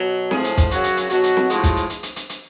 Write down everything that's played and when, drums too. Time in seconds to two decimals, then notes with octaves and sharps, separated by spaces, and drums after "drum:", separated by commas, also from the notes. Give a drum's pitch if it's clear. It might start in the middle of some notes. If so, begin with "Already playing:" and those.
Already playing: B2 F#3
0.31 A2 F3 G#3 G#4, drum: snare
0.44 drum: hi-hat
0.57 drum: kick, hi-hat
0.71 F#2 C#3 F#3 F#4, drum: hi-hat
0.84 drum: hi-hat
0.97 drum: hi-hat
1.10 B2 F#3 F#4, drum: hi-hat
1.24 drum: hi-hat
1.37 drum: snare
1.50 A2 F3 G#3, drum: hi-hat
1.63 drum: kick, hi-hat
1.76 drum: hi-hat
1.90 drum: hi-hat
2.03 drum: hi-hat
2.16 drum: hi-hat
2.29 drum: hi-hat